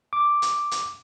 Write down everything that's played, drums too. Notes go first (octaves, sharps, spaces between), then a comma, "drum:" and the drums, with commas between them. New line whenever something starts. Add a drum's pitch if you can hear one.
D6
drum: hi-hat
drum: hi-hat